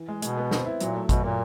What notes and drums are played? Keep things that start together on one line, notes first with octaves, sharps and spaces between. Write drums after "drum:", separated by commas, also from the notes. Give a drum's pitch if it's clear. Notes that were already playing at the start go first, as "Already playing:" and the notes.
Already playing: E3
G#3
B2 G#3, drum: hi-hat
B3
C4, drum: snare
E4
A#2 F#3, drum: hi-hat
A3
B2 F#3, drum: kick, hi-hat
A#2 A#3